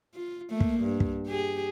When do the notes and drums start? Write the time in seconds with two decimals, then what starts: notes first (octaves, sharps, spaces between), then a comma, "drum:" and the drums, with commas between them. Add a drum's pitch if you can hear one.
0.15 F4
0.51 A3 A#3
0.60 drum: kick
0.80 G2
1.00 drum: kick
1.28 G4 G#4